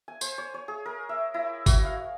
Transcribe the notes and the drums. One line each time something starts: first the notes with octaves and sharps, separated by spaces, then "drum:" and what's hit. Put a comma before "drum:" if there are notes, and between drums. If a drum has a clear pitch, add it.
G#5
C5, drum: tambourine
C#5
C#5
G#4
A#4
E5
E4
F#4, drum: kick, tambourine
F5